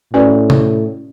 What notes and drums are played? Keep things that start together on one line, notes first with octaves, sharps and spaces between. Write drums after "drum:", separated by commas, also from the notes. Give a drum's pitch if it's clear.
A2 C#4 F#4 B4 D5
drum: tom C3